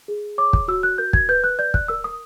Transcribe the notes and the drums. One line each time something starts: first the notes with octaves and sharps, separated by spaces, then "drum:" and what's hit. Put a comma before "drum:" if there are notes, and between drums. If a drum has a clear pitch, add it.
G#4
C#5 D6
drum: kick
F#4 E6
F#6
A#4 G6
G#6, drum: kick
B4 G6
F#6
D5 G6
F#6, drum: kick
A#4 E6
D#6